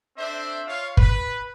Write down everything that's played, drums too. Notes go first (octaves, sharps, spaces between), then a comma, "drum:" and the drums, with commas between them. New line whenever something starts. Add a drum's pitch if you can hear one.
C4 D4 A4 C5 E5
F4 C#5 F5
B4, drum: kick